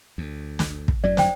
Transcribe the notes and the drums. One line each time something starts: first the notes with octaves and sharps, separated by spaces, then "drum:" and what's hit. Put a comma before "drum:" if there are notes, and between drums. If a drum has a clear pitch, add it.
D2
drum: snare
drum: kick
F#2 A2 F#3 D5
C5 G5, drum: snare